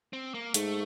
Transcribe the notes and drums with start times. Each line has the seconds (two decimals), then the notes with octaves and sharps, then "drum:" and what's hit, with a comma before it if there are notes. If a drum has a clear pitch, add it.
0.13 C4
0.34 A#3
0.54 G#2 A3, drum: hi-hat